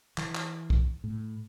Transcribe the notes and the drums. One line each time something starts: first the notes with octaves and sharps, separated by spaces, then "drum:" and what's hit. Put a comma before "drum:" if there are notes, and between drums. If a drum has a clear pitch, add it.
E3, drum: clap
drum: clap
drum: kick
A2